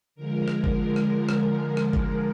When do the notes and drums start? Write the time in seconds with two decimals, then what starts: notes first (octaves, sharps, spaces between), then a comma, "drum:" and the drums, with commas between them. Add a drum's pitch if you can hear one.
0.15 D3 F3 G#3 A#4
0.48 drum: rim click
0.64 drum: kick G1
0.96 drum: rim click
1.29 drum: rim click
1.77 drum: rim click
1.93 drum: kick G1